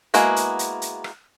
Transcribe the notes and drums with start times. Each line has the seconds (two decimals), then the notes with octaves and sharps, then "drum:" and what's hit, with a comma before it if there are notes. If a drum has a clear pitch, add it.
0.14 G#3 A#3 B3 E4 F#4, drum: hi-hat
0.36 drum: hi-hat
0.59 drum: hi-hat
0.82 drum: hi-hat
1.04 drum: rim click